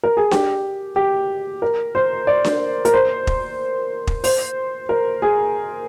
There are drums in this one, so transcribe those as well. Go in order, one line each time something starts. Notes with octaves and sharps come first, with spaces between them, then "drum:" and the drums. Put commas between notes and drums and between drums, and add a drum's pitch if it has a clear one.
A#4
G#4
G4, drum: snare D4
G4
A#4
C5
D5
drum: snare D4
A#4, drum: hi-hat
C5
drum: kick
drum: kick
C5, drum: open hi-hat
A#4
G#4